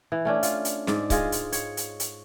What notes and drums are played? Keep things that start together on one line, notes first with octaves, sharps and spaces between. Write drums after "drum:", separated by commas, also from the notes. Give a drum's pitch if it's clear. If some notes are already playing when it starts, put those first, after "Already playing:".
E3
A3 C#4 D4
F4, drum: hi-hat
drum: hi-hat
G#2 D5, drum: snare
G#3 F4 G#4, drum: kick C#1, hi-hat
drum: hi-hat
C#5, drum: hi-hat
drum: hi-hat
drum: hi-hat